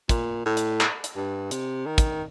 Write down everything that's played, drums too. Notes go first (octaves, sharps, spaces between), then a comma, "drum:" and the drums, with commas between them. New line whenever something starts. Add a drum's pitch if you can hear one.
A#2, drum: kick, hi-hat
A2
drum: hi-hat
drum: clap
drum: hi-hat
G2
C3, drum: hi-hat
D#3
drum: kick, hi-hat